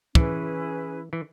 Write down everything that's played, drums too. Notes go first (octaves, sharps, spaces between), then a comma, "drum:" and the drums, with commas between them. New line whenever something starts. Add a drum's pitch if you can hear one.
E3 C#4 E4 G#4 B4, drum: kick
E3